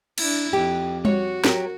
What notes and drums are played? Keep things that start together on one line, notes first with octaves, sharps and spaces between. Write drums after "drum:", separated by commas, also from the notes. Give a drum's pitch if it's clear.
D4 E4, drum: cymbal
F2 G4
F#4 C#5, drum: tom G3
F#3 G4 A#4, drum: snare